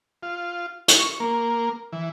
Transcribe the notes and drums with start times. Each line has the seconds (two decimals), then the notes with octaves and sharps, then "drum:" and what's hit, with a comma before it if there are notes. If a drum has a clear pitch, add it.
0.23 F4
0.88 C#6, drum: hi-hat
1.20 A#3
1.93 E3